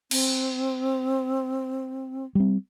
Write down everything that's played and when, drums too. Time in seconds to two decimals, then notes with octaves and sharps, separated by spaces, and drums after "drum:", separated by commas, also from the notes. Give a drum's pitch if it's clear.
0.11 C4, drum: cymbal
2.35 G3 C4